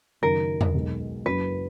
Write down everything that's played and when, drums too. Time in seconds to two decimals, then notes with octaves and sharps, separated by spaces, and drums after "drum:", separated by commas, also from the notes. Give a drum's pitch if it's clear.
0.22 F#1 F#2 D#3 A#4
0.61 drum: tom E2
0.74 B1 B2 G#3
1.25 F#1 F#2 C#3 F#3 B4